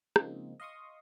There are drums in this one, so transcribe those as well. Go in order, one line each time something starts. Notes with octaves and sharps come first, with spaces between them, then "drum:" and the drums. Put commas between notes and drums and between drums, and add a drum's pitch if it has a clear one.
C#3 F3 G#3 A#3 C4 D#4, drum: rim click
D#5 F5 C6 C#6 D#6